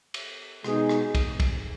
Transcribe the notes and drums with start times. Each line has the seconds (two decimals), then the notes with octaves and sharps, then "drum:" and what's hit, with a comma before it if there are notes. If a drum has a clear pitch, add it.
0.14 drum: cymbal
0.64 B2 G#3 D#4 G#4, drum: rim click
0.89 drum: rim click
1.15 drum: kick, cymbal
1.40 drum: kick, cymbal